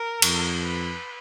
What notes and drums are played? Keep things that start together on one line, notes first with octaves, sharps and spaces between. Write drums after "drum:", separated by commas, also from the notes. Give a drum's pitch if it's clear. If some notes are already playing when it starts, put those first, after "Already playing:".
Already playing: A#4
F2, drum: cymbal
B4